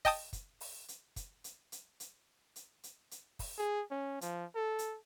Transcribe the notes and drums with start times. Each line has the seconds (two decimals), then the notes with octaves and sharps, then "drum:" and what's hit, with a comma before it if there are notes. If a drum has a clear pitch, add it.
0.05 D#5 G5 A5 D#6, drum: kick, open hi-hat
0.33 drum: kick, hi-hat
0.61 drum: open hi-hat
0.88 drum: hi-hat
1.16 drum: kick, hi-hat
1.44 drum: hi-hat
1.72 drum: hi-hat
2.00 drum: hi-hat
2.56 drum: hi-hat
2.84 drum: hi-hat
3.11 drum: hi-hat
3.39 drum: kick, open hi-hat
3.58 G#4
3.91 C#4
4.21 F3, drum: hi-hat
4.55 A4
4.79 drum: hi-hat